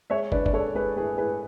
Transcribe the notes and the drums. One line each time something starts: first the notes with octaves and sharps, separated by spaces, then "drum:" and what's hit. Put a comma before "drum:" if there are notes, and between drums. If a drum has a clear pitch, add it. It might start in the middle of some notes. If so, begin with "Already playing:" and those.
G#3 C#5 E5
D4 B4 D5, drum: kick
D5, drum: kick
G#3 A4 C#5
G#3 G#4 B4
A2 G#4 B4
A2 G#4 B4